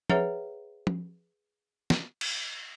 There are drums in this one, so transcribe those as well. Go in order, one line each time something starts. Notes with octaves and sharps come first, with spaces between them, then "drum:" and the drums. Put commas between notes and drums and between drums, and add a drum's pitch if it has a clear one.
G#4 B4 C#5 E5 F#5 A#5, drum: tom
drum: tom
drum: snare
drum: cymbal